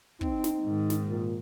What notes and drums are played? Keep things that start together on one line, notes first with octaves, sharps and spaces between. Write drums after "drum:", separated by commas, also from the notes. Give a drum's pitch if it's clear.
C4 D#4, drum: kick
drum: snare
G#2 D#3
drum: snare
A#2